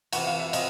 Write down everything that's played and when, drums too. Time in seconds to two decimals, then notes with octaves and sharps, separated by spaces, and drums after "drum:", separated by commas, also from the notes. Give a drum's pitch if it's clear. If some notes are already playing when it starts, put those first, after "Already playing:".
0.12 C3 E3 A3 F#5, drum: cymbal
0.26 F5
0.40 E5
0.53 C3 D#5, drum: cymbal